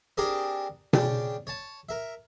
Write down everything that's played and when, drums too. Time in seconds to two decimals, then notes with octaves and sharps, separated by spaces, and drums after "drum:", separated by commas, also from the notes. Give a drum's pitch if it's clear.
0.17 C4 D4 G4 G#4 A#4 C5
0.93 C#3 D4 G5, drum: tom B2
1.47 C#5 A5
1.89 A#4 E5